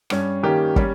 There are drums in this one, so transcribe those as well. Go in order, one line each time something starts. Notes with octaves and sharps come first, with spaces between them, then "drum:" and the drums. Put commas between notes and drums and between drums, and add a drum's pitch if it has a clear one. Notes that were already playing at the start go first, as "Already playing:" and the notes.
G2 G3 C#4, drum: rim click
D#3 G3 A#3 C#4 G4
G3 C#4, drum: kick